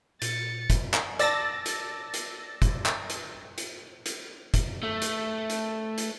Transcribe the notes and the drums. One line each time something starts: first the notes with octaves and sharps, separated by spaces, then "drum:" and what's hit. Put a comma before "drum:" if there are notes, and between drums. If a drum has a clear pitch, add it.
A#2 A6 C#7, drum: hi-hat
drum: kick, hi-hat
drum: clap
D5 A5 E6 A6 A#6, drum: hi-hat
drum: hi-hat
drum: hi-hat
drum: kick, hi-hat
drum: clap
drum: hi-hat
drum: hi-hat
drum: hi-hat
drum: kick, hi-hat
A3
drum: hi-hat
drum: hi-hat
drum: hi-hat